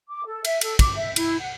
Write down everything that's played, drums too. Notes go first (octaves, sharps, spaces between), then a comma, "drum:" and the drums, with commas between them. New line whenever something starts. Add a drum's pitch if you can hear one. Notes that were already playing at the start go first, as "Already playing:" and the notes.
D6
A4
E5, drum: cymbal
A4, drum: cymbal
D6, drum: kick, cymbal
E5
E4, drum: cymbal
F#5